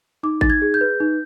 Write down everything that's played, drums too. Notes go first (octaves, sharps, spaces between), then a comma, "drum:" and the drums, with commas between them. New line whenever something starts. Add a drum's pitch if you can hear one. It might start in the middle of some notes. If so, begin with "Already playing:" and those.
D#4 D6
D#4 A6, drum: kick G#1
G#6
G#4
G6
B4
D#4